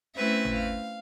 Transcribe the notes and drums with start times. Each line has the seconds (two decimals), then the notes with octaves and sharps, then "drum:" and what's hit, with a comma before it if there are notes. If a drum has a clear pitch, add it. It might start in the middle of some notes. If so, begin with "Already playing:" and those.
0.15 A3 C4 C#4 E4 B4 E5
0.45 drum: tom G#1
0.55 F5